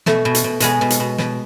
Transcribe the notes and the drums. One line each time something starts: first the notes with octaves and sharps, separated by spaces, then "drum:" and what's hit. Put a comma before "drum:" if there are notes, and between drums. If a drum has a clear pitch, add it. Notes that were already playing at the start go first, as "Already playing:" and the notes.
B2 A3, drum: snare
B2
drum: hi-hat
B2
B2 G#3 B3, drum: hi-hat
B2
drum: hi-hat
B2
B2, drum: snare